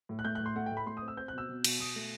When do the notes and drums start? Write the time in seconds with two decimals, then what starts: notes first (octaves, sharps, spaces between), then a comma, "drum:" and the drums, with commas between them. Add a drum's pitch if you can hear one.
0.09 A2
0.19 F#6
0.25 A3 G6
0.35 F#6
0.40 A2
0.46 C6
0.56 A3 F#5
0.66 G5
0.71 A2
0.77 B5
0.87 A3 C6
0.97 D#6
1.02 C4
1.08 E6
1.17 C4 G6
1.28 F#6
1.33 B2 E6
1.49 B2
1.64 B2, drum: cymbal
1.79 B2 D#6
1.96 A3